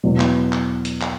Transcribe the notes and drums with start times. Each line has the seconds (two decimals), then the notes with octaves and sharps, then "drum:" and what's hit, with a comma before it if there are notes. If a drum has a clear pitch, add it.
0.03 E2 B2 F#3
0.20 drum: clap
0.52 drum: clap
0.85 drum: hi-hat
1.01 drum: clap